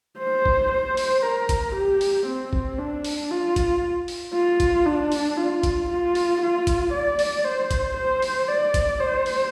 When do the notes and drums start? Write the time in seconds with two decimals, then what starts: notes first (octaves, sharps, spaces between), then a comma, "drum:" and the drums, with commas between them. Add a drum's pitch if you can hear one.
0.19 C5
0.46 drum: kick
0.72 C5
0.97 drum: open hi-hat
1.23 A#4
1.49 drum: kick, hi-hat
1.75 G4
2.01 drum: open hi-hat
2.27 C4
2.53 drum: kick
2.79 D4
3.04 drum: open hi-hat
3.31 F4
3.56 drum: kick, hi-hat
4.08 drum: open hi-hat
4.34 F4
4.60 drum: kick, hi-hat
4.86 D4
5.12 drum: open hi-hat
5.37 F4
5.63 drum: kick, hi-hat
5.89 F4
6.15 drum: open hi-hat
6.42 F4
6.67 drum: kick, hi-hat
6.93 D5
7.19 drum: open hi-hat
7.44 C5
7.71 drum: kick, hi-hat
7.97 C5
8.22 drum: open hi-hat
8.48 D5
8.74 drum: kick, hi-hat
9.00 C5
9.26 drum: open hi-hat